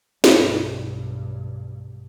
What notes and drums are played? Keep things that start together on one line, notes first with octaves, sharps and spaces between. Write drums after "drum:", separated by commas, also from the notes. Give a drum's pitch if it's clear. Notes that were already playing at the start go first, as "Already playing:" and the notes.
B1 G2, drum: snare